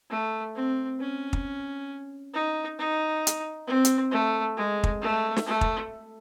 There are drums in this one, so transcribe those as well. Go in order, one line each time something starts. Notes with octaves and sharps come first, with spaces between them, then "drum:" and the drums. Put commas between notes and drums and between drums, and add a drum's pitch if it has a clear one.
A3
C4
C#4
drum: kick
D#4
D#4
drum: hi-hat
C4
drum: hi-hat
A3
G#3
drum: kick
A3
drum: snare
A3
drum: kick